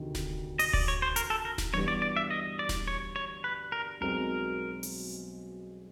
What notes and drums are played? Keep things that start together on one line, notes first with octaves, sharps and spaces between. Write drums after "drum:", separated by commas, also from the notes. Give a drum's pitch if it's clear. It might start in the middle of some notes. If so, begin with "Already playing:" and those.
Already playing: D2 C3 D#3
drum: snare D#1
D#5, drum: open hi-hat
D5, drum: kick D1
C#5
C5
A#4, drum: hi-hat
A4
A#4
drum: snare D#1
G2 E3 G3 B3 C#5
D5
D5
E5
D#5
D5
drum: snare D#1
C#5
C#5
B4
A#4
B1 B2 G#3 C4 A#4
drum: open hi-hat